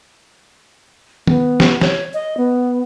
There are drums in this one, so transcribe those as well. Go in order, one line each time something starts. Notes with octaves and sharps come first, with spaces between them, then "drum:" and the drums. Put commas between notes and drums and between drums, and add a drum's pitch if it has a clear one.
B3, drum: tom D#3
drum: snare
C#5, drum: snare
D#5
B3